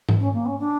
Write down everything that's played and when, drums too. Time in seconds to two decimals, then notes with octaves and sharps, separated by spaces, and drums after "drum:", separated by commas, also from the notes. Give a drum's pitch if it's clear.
0.09 drum: tom G#2
0.19 C#4
0.33 A#3
0.46 C#4
0.59 D4